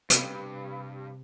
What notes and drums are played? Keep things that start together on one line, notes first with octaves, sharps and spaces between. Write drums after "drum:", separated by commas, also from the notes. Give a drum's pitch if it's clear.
G2 C3, drum: hi-hat